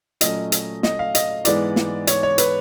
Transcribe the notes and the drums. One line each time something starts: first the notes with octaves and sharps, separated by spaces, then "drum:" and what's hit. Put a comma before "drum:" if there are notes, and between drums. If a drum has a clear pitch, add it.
A#2 F#3 A3 C#4 D#5, drum: hi-hat
drum: hi-hat
D#5, drum: snare
F5
D#5, drum: hi-hat
G#2 E3 G#3 B3 D5, drum: hi-hat
drum: snare
C#5, drum: hi-hat
C#5
B4, drum: hi-hat